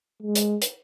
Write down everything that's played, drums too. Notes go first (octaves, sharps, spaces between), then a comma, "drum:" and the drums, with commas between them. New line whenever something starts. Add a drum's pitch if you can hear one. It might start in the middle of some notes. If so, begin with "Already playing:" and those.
G#3
drum: hi-hat
drum: hi-hat